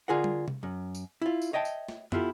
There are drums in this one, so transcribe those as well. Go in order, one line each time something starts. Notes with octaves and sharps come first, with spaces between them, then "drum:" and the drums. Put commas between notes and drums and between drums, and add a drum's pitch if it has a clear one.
D3 F4 G#4 A#4 F#5
drum: tom G3
drum: tom C3
F#2
drum: tambourine
E4 F4
drum: tambourine
C#5 D#5 E5 G5 A5
drum: tambourine
drum: snare
B3 E4 F4 G4 A4, drum: tom